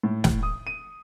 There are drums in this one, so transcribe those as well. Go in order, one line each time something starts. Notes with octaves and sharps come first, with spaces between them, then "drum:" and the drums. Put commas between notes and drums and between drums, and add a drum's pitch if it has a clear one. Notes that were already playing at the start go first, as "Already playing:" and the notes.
A2
drum: snare
D#6
D#7